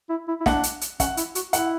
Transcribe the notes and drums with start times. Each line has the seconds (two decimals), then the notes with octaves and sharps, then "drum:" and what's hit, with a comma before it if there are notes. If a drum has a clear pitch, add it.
0.10 E4
0.28 E4
0.40 E4
0.46 D4 F#5, drum: snare
0.63 drum: hi-hat
0.81 drum: hi-hat
1.00 C#4 F#5, drum: kick, hi-hat
1.17 E4, drum: hi-hat
1.35 F#4, drum: hi-hat
1.53 E4 F#5, drum: hi-hat